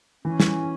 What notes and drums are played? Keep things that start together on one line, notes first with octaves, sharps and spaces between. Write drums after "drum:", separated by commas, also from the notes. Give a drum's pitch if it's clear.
E3 C#4
E3, drum: snare